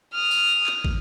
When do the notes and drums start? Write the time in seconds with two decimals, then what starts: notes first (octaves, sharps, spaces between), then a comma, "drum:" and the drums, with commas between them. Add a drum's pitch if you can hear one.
0.13 D#6 F6
0.31 drum: tambourine
0.67 drum: clap
0.84 drum: kick